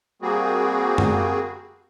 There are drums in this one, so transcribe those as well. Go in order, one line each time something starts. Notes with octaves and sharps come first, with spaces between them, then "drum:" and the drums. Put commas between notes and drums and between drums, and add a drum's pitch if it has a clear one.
G3 A#3 C4 F#4 G#4
drum: tom F#2